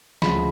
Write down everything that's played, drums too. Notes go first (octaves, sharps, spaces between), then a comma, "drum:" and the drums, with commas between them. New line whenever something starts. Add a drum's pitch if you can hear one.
D2 C#3 F3 G#3 B5, drum: snare